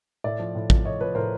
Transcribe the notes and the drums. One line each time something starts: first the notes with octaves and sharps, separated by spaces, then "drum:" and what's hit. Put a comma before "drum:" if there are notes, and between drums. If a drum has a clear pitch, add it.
A2 D5 E5
F3
A2
F3, drum: kick
A2 C#5 D#5
F3 B4 C#5
A2 A#4 C5